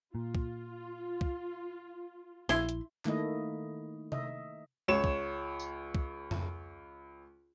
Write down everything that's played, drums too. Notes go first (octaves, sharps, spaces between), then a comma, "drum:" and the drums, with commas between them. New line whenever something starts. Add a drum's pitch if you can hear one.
A#2 F4
drum: kick
drum: kick
A#1 E4 C6, drum: snare
drum: hi-hat
D#3 A3 A#3 E4 D#5, drum: clap
D#5 E5, drum: tom C3
C#2 C#5 E7
drum: kick
drum: tambourine
drum: kick
drum: tom F2